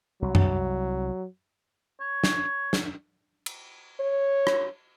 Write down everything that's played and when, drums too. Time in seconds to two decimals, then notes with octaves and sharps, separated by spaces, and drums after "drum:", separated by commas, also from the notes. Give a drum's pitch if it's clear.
0.22 C2 F#3
0.35 drum: tom F#2
2.01 C#5
2.24 drum: snare
2.73 drum: snare
3.46 drum: cymbal
4.00 C#5
4.47 drum: rim click